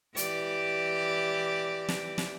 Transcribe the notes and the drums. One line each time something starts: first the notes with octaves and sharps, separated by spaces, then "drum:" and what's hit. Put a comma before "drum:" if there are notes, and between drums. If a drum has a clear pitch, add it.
E3 G4 D5, drum: hi-hat
drum: snare
drum: snare